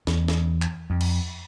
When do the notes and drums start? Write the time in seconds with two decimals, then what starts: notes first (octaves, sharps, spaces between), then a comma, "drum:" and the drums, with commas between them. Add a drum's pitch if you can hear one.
0.07 E2, drum: snare
0.28 drum: snare
0.62 drum: clap
0.90 F2
1.01 drum: cymbal